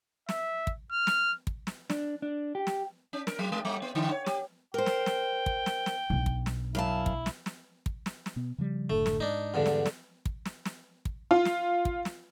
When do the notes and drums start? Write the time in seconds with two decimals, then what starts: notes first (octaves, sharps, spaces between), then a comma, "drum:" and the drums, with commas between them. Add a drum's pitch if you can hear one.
0.29 E5, drum: snare
0.67 drum: kick
0.91 F6
1.07 drum: snare
1.47 drum: kick
1.67 drum: snare
1.90 D4, drum: snare
2.22 D4
2.55 G4
2.67 drum: snare
3.13 C#4
3.27 A#4, drum: snare
3.39 F#3
3.52 G#3
3.65 G3
3.82 B3
3.95 D3
4.11 C#5
4.26 G4, drum: snare
4.74 A#4 C5 G5
4.86 drum: snare
5.06 drum: snare
5.46 drum: kick
5.66 drum: snare
5.86 drum: snare
6.10 B1 D4
6.26 drum: kick
6.46 drum: snare
6.75 F#2 E4 F5 A5
7.06 drum: kick
7.26 drum: snare
7.46 drum: snare
7.86 drum: kick
8.06 drum: snare
8.26 drum: snare
8.36 B2 B3
8.58 C#3 F3 G3
8.90 F#1 A2 D3 A3
9.06 drum: snare
9.20 G#2 D4 D#4
9.54 E2 G2 D3
9.66 drum: snare
9.86 drum: snare
10.26 drum: kick
10.45 drum: snare
10.65 drum: snare
11.05 drum: kick
11.31 F4
11.45 drum: snare
11.85 drum: kick
12.05 drum: snare